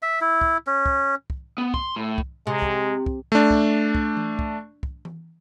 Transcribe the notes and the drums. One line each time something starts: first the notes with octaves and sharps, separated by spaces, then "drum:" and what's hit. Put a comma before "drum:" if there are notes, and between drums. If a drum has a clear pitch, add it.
E5
E4
drum: kick
C#4
drum: kick
drum: kick
B3
C6, drum: kick
A2
drum: kick
C3 G#3
drum: kick
drum: kick
A3 D4
drum: kick
drum: kick
drum: tom E3
drum: kick
drum: kick
drum: tom E3